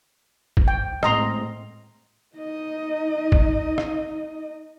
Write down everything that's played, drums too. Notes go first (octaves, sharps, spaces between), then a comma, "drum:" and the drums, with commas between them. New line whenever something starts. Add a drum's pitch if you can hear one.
drum: kick
G5
A2 G#3 C4 D#5 A#5 C6, drum: rim click
D#4 D#5
drum: kick
drum: rim click